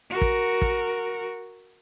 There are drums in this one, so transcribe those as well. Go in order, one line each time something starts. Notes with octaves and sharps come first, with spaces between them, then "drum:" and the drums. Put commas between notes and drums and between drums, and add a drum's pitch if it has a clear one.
F#4 A#4
drum: kick
drum: kick